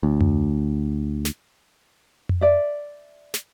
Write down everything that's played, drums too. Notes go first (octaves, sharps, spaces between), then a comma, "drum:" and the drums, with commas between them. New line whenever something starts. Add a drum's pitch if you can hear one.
D2
drum: tom F2
drum: snare
drum: tom F2
D5 E5
drum: snare